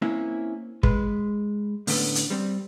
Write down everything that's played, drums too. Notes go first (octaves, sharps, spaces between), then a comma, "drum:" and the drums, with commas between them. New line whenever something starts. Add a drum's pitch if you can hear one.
A#3 C4 C#4 E4
G#3 B4, drum: kick
A2 D3 A3 B3 C#4, drum: open hi-hat
drum: hi-hat
G3 C4